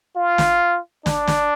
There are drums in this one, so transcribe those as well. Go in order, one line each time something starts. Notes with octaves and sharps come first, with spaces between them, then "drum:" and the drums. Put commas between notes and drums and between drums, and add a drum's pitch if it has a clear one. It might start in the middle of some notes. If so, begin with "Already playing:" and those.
F4
drum: snare
D4, drum: snare
drum: snare